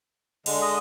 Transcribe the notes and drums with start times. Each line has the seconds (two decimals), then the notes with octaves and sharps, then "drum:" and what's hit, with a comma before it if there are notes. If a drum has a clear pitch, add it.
0.46 D3 G#3, drum: cymbal
0.62 D#5